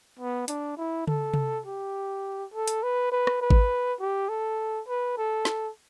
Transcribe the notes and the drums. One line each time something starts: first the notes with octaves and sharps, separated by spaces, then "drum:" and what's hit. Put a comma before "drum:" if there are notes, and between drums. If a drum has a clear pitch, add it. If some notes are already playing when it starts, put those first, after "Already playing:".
B3
D4, drum: hi-hat
E4
A4, drum: tom C#3
drum: tom C3
G4
A4
drum: hi-hat
B4
B4
drum: rim click
B4
drum: kick G#1
G4
A4
B4
A4
drum: snare